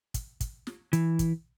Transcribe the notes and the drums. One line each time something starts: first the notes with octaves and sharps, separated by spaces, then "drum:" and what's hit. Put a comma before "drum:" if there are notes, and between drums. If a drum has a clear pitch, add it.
drum: kick, hi-hat
drum: kick, hi-hat
drum: snare
E3, drum: hi-hat
drum: kick, hi-hat